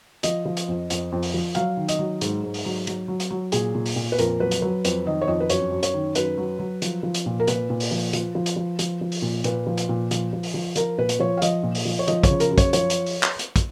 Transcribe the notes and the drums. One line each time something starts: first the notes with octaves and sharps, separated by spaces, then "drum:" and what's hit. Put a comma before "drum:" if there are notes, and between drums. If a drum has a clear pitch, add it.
F3 D#5, drum: hi-hat
F3
drum: hi-hat
F2
F2, drum: hi-hat
F2
drum: open hi-hat
F3
F#3 F5, drum: hi-hat
D#3
D#5, drum: hi-hat
F#3
G#2, drum: hi-hat
G#2
drum: open hi-hat
F#3
F#3, drum: hi-hat
F#3
drum: hi-hat
F#3
A#2 G#4, drum: hi-hat
A#2
drum: open hi-hat
A#2
B4
F2 A#4, drum: hi-hat
F#3 B4
drum: hi-hat
F#3 B4
F2 B4, drum: hi-hat
D#3 D#5
C#5
F2 D#5
B4
F#2 C#5, drum: hi-hat
F#2
C#5, drum: hi-hat
D#3
F#2 B4, drum: hi-hat
F#3
F#3
F3, drum: hi-hat
F3
drum: hi-hat
A#2
A#4
A#2 B4, drum: hi-hat
A#2
drum: open hi-hat
F3
F3, drum: hi-hat
F3
drum: hi-hat
F3
F3, drum: hi-hat
F3
drum: open hi-hat
A#2
A#2 B4, drum: hi-hat
F3
drum: hi-hat
A#2
F3, drum: hi-hat
F3
drum: open hi-hat
F3
F3 A#4, drum: hi-hat
A#2 B4
drum: hi-hat
F3 C#5
F5
F3 D#5, drum: hi-hat
A#2
drum: open hi-hat
F3
C#5
F3 D#5, drum: hi-hat
C#5, drum: kick, hi-hat
C#3
A#4, drum: hi-hat
F#2
C#5, drum: kick, hi-hat
F3 C#5, drum: hi-hat
drum: hi-hat
drum: open hi-hat
drum: clap
drum: hi-hat
drum: kick, hi-hat